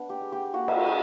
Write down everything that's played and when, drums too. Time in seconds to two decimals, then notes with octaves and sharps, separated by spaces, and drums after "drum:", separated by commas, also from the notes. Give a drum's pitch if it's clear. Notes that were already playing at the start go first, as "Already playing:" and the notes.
Already playing: B3 D4
0.09 G4 G5
0.21 G#3
0.32 G4 G5
0.53 A#3 F#4 F#5
0.68 drum: cymbal
0.86 D4 G#4 G#5